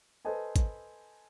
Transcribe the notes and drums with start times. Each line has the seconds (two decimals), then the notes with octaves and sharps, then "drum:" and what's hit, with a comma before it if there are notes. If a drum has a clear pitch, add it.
0.25 A4 B4 C5 D#5 G#5 A5
0.56 drum: kick, hi-hat